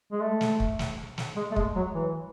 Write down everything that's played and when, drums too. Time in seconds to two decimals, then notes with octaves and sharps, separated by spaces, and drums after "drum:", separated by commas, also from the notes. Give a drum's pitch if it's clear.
0.12 G#3
0.21 A3
0.41 drum: snare
0.60 drum: kick
0.79 drum: snare
1.18 drum: snare
1.36 G#3
1.52 A3
1.56 G#3, drum: kick
1.76 F#3
1.95 E3